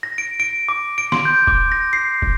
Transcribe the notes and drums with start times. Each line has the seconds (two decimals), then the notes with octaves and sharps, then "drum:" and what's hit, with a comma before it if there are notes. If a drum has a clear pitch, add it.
0.03 A#6
0.18 D7
0.40 D7
0.69 D6
0.98 D7
1.12 C6, drum: snare
1.25 G6
1.47 D6, drum: kick
1.72 A#6
1.93 C7
2.22 drum: kick